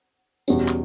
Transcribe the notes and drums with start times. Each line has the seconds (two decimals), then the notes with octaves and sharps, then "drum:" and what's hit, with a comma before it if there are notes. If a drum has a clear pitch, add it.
0.48 E2 B2 G3 C#4, drum: tambourine
0.68 drum: clap